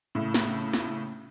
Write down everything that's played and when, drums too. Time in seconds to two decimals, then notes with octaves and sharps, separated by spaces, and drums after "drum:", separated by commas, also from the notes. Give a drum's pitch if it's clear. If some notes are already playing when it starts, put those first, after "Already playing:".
0.15 A2 C#3
0.34 drum: snare
0.74 drum: snare